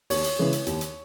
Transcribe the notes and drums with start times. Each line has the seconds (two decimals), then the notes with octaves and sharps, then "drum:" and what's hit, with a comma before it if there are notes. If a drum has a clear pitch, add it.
0.10 D#2 C#5, drum: open hi-hat
0.24 drum: hi-hat
0.39 C#3 E3 G#3
0.53 drum: hi-hat
0.67 D#2, drum: hi-hat
0.81 drum: hi-hat